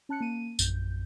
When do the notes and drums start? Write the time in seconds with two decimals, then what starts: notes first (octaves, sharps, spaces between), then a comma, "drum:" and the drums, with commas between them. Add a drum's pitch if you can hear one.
0.09 C#4 A5 F#6 C#7
0.20 A#3 D#7
0.59 A#1 F#2 G6, drum: tambourine